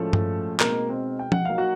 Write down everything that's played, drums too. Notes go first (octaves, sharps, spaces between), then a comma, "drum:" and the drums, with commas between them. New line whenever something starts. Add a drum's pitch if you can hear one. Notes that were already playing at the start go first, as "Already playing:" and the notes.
Already playing: A2 F3 G#3 A3 C#4 A4
drum: tom G2
B2 G#3 A#3 C4 D#4 A#4, drum: clap
C4 C5
G5
F#5, drum: tom F3
F#3 A#3 D#4 F5
F#4 F#5